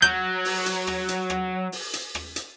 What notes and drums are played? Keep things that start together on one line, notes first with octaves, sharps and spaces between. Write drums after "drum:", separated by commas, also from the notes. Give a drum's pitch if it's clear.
F#3 G6, drum: rim click
drum: open hi-hat
drum: hi-hat
drum: rim click
drum: hi-hat
drum: rim click
drum: open hi-hat
drum: hi-hat
drum: rim click
drum: hi-hat